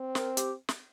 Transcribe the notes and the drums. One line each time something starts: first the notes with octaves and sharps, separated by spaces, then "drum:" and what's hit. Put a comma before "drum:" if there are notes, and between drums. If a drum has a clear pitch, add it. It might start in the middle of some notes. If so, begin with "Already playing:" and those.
Already playing: C4
A#4, drum: snare
G4, drum: hi-hat
drum: snare